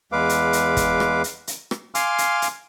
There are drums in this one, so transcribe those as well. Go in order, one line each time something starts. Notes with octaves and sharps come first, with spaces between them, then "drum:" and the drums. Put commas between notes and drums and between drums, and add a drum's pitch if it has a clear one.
E2 G#3 B4 F5 D6
drum: hi-hat
drum: hi-hat
drum: kick, hi-hat
drum: rim click
drum: hi-hat
drum: hi-hat
drum: rim click
F5 G#5 C6 D6 F6, drum: hi-hat
drum: hi-hat
drum: hi-hat